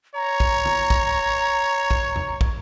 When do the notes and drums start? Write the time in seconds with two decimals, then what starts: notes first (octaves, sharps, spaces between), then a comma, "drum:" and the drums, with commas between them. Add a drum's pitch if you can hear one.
0.15 C#5 A#5
0.40 drum: kick
0.65 drum: tom
0.90 drum: kick
1.91 drum: kick
2.16 drum: tom E2
2.41 drum: kick